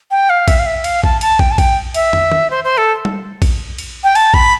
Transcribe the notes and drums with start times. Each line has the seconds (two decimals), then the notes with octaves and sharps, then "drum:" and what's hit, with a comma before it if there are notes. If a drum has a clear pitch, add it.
0.11 G5
0.30 F5
0.48 E5, drum: kick, cymbal
0.59 F5
0.66 E5
0.84 F5, drum: cymbal
1.04 A5, drum: kick
1.21 A5, drum: cymbal
1.39 G5, drum: kick
1.51 A5
1.58 G5, drum: kick, cymbal
1.94 E5, drum: cymbal
2.13 drum: tom
2.32 drum: tom D#3
2.50 C5
2.64 C5
2.77 A4
3.05 drum: tom G3
3.42 drum: kick, cymbal
3.78 drum: cymbal
4.04 G5
4.15 A5, drum: cymbal
4.34 B5, drum: kick